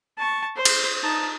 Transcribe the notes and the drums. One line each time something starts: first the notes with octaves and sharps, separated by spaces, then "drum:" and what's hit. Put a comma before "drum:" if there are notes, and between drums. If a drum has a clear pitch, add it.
A5 C#6
C5
drum: cymbal
D#4 A5